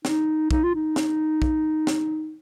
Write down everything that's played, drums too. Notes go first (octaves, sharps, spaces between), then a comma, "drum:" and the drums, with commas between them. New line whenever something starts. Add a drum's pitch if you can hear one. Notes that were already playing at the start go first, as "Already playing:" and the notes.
D#4, drum: snare
D#4, drum: kick
F4
D#4
drum: snare
drum: kick
drum: snare